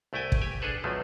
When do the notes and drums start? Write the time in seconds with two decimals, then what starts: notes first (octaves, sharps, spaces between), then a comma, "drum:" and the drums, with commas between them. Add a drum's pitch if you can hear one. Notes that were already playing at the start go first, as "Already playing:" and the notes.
0.13 C2 A3 E4 G5 G#5
0.32 drum: kick
0.41 G4 G#5
0.62 D4 G#4 A4 B4
0.84 B1 E2 F3 F#3 A3